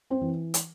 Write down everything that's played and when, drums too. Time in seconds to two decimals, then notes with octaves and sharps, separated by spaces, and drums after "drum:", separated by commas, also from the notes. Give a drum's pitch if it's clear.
0.10 C4 C5
0.21 E3
0.54 drum: hi-hat